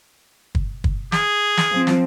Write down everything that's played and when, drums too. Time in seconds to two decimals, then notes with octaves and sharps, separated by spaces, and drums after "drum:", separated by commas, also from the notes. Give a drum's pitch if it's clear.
0.55 drum: kick
0.84 drum: kick
1.12 G#4, drum: snare
1.57 drum: snare
1.72 F3 C4
1.87 drum: snare